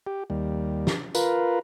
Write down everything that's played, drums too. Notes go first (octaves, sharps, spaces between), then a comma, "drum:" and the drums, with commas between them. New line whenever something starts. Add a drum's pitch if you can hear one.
G4
D#2 G3
drum: snare
F4 A#4 B4, drum: tambourine